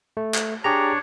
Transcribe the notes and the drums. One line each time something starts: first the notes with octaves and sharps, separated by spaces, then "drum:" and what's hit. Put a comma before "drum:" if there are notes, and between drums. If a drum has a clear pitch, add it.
A3
drum: clap
D4 G4 G#4 C#5 A#5